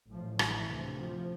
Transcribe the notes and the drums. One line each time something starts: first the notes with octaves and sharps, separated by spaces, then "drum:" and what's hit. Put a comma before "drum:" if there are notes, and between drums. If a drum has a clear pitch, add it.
A1 A2 F3
E3, drum: rim click
D2 C3
F3